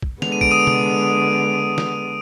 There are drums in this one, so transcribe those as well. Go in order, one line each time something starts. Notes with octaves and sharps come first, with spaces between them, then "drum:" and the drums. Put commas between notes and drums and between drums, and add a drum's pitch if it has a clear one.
drum: kick
D3 G#3 B3 F7, drum: snare
D#7
D7, drum: kick
D#6 D#7
drum: tom C3
drum: snare